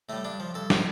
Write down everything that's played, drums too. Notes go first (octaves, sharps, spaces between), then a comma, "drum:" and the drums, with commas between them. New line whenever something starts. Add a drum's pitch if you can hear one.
A2 G3 A3
G2 D4
F3
G2 A4
F3 G4, drum: snare